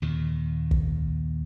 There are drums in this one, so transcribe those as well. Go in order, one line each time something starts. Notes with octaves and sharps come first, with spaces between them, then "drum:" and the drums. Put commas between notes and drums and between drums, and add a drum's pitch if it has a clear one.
D#2 A#2 D#3
drum: kick